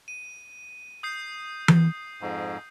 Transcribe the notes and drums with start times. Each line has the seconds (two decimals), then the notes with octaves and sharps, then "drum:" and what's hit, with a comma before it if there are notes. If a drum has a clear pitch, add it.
0.08 D#7
1.03 D#6 G6 C7
1.68 drum: tom E3
2.21 F2 G#2